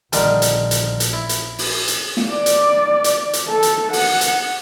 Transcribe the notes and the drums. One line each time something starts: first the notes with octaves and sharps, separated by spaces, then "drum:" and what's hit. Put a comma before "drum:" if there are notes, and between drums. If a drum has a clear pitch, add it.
A#1 D3 D#3 G3, drum: hi-hat
drum: hi-hat
drum: hi-hat
drum: hi-hat
E4
drum: hi-hat
drum: open hi-hat
drum: hi-hat
drum: snare
D5
drum: hi-hat
drum: hi-hat
drum: hi-hat
A4
drum: hi-hat
F#5, drum: open hi-hat
drum: hi-hat